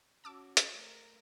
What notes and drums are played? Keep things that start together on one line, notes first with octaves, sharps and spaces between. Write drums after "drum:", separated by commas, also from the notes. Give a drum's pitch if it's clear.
C#4 F#4 A5 D6 E6
drum: hi-hat
A3 A#4